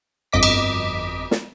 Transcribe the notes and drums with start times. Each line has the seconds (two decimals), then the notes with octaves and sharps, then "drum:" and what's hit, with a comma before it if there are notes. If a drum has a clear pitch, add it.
0.32 G1 F2 D#5 D6 B6
0.43 drum: cymbal
1.31 drum: snare